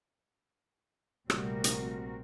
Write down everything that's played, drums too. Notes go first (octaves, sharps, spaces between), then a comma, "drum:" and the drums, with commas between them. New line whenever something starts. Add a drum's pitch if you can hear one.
A#1 C3 G3 A3 C4 F#4 A#4, drum: rim click
drum: hi-hat